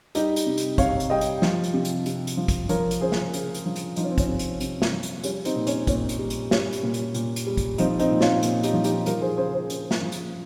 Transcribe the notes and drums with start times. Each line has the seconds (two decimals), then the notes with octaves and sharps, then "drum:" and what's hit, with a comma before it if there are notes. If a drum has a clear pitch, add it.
0.15 G3 D#4 G4, drum: hi-hat
0.36 drum: hi-hat
0.47 C3
0.57 drum: hi-hat
0.78 C3 C#5 F5, drum: kick, hi-hat
1.00 drum: hi-hat
1.10 G3 D#5 G5
1.21 drum: hi-hat
1.42 F3, drum: snare
1.64 drum: hi-hat
1.74 C3
1.85 drum: hi-hat
2.06 C3, drum: hi-hat
2.27 drum: hi-hat
2.37 F3
2.48 drum: kick, hi-hat
2.69 F3 A#4 C#5, drum: hi-hat
2.91 drum: hi-hat
3.01 C#3 G#4 C5
3.12 drum: snare
3.34 C#3, drum: hi-hat
3.54 drum: hi-hat
3.66 F3
3.76 drum: hi-hat
3.96 F3 D#4, drum: hi-hat
4.03 C#4
4.11 C4
4.18 C#4, drum: kick, hi-hat
4.28 C3
4.39 drum: hi-hat
4.60 C3, drum: hi-hat
4.82 drum: snare
4.92 F3
5.03 drum: hi-hat
5.24 G3 C#4, drum: hi-hat
5.45 C4 D#4, drum: hi-hat
5.56 A#2
5.67 C#4, drum: hi-hat
5.87 A#2 C#4, drum: kick, hi-hat
6.09 drum: hi-hat
6.19 G3
6.30 drum: hi-hat
6.51 G3 C#4, drum: snare
6.73 drum: hi-hat
6.83 A#2
6.94 drum: hi-hat
7.14 A#2, drum: hi-hat
7.36 drum: hi-hat
7.47 G3
7.57 drum: kick, hi-hat
7.78 F3 C4 D#4, drum: hi-hat
7.99 C4 D#4, drum: hi-hat
8.11 A#2
8.21 C#4 F4, drum: snare
8.43 A#2, drum: hi-hat
8.63 D#4 G4, drum: hi-hat
8.74 F3
8.84 D#4 G4, drum: hi-hat
9.06 F3 G4 A#4, drum: hi-hat
9.21 G#4 C5
9.37 C#3 G#4 C5
9.53 G#4 C5
9.70 C#3, drum: hi-hat
9.91 drum: snare
10.01 F3
10.12 drum: hi-hat